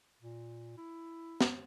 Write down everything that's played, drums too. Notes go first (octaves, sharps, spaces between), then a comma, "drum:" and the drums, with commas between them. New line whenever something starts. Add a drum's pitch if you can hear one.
A#2
E4
drum: snare